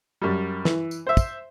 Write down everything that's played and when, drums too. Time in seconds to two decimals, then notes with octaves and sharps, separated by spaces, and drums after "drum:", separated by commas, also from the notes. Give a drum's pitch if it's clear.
0.22 F#2 G3
0.65 E3, drum: snare
0.91 drum: tambourine
1.07 C5 E5
1.17 drum: kick, tambourine